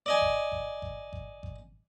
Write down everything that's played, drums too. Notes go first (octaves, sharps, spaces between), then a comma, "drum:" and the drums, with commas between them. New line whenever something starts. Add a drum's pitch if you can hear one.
D5 D#5 G#5
drum: kick G#1
drum: kick G#1
drum: kick G#1
drum: kick G#1
drum: kick G#1